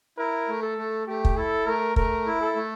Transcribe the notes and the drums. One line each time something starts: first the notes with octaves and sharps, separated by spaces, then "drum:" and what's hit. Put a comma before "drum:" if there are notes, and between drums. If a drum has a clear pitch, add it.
E4 A#4
A3
A4
A3
A3 G4
drum: kick
E4 A4
A3 A#4
A3 A#4, drum: kick
E4
A4
A3